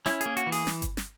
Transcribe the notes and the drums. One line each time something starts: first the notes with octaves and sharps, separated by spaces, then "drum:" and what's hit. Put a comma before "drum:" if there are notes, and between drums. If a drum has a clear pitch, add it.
C#4 E4, drum: snare
G#4, drum: hi-hat
A#3
F#4, drum: hi-hat
E3
G#4, drum: open hi-hat
drum: snare
drum: kick G1, hi-hat
drum: snare